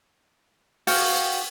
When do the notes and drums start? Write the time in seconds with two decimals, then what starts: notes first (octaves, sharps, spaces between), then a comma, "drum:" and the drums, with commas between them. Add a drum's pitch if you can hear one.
0.87 F#4 F5 G5, drum: open hi-hat